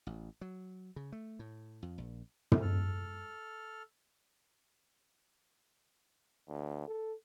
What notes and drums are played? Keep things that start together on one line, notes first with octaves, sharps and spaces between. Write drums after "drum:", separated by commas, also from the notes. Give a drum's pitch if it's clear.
A1
F#3
C#3
A3
A2
F2
A#1
drum: tom
A4 F6
D2
A4